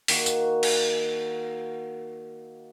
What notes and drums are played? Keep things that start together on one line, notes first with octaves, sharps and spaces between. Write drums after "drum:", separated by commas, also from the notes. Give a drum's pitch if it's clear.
D#3 A#3 F#4, drum: open hi-hat
drum: tambourine
drum: cymbal